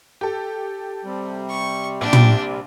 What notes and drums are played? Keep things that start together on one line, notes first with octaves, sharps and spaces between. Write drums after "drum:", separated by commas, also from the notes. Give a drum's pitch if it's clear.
G4 A4
C3 G3
C#6
A#1 D4 G4
drum: tom